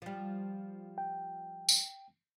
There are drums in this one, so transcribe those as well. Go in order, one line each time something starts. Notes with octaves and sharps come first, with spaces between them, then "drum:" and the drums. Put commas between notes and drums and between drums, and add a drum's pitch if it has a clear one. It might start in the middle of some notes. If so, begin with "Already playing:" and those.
F3 G3
G5
drum: tambourine